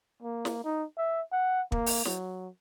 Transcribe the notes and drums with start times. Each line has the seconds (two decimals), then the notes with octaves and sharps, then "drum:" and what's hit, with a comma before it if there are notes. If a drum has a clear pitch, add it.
0.23 A#3
0.45 drum: snare
0.64 D#4
0.97 E5
1.32 F#5
1.72 A#3, drum: kick
1.86 drum: open hi-hat
2.05 F#3, drum: snare